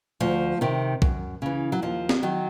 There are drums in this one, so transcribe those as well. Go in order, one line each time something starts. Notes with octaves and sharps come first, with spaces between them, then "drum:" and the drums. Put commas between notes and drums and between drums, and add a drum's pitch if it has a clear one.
D2 F3
C3 D#3
F#2, drum: kick
C#3 E3
F#3
D#2 F3
drum: snare
D#3 F#3